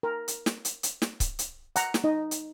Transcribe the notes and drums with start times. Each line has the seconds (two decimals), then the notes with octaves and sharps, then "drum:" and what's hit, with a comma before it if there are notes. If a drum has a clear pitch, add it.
0.03 A#4
0.28 drum: hi-hat
0.46 drum: snare
0.65 drum: hi-hat
0.83 drum: hi-hat
1.02 drum: snare
1.20 drum: kick C#1, hi-hat
1.39 drum: hi-hat
1.76 F#5 A#5, drum: hi-hat
1.94 drum: snare
2.04 D#4 D#5
2.31 drum: hi-hat